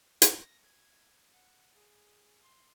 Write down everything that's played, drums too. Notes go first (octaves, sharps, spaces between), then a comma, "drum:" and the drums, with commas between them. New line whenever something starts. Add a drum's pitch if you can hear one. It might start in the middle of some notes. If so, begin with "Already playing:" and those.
A#6, drum: hi-hat
G#6
F#5
G#4
C6